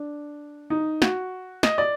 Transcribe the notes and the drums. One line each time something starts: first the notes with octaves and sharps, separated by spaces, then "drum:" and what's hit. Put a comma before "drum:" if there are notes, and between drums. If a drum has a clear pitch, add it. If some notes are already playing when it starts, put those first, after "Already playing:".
Already playing: D4
D#4
F#4, drum: snare
D#5, drum: snare
D5